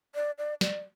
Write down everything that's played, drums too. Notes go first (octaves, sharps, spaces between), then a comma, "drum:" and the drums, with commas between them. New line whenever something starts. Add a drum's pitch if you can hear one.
D5
D5
D5, drum: snare